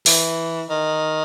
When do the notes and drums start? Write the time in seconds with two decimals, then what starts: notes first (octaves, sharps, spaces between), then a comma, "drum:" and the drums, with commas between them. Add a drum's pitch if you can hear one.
0.06 E3, drum: open hi-hat
0.69 D#3